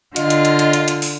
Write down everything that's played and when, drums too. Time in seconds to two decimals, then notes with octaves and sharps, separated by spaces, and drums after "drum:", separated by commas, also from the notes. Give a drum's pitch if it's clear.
0.16 D3 F4 D#5 F6, drum: hi-hat
0.30 drum: hi-hat
0.45 drum: hi-hat
0.59 drum: hi-hat
0.73 drum: hi-hat
0.88 drum: hi-hat
1.02 drum: open hi-hat